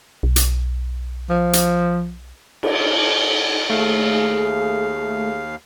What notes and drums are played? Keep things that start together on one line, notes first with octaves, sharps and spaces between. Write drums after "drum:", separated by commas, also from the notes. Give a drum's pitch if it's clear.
B1
drum: hi-hat
F3
drum: hi-hat
drum: cymbal
D#2 A3 G#4 F5